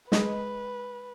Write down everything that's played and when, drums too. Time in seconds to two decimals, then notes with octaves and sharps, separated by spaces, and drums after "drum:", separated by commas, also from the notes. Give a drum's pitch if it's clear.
0.12 G#3 B4 D#5, drum: snare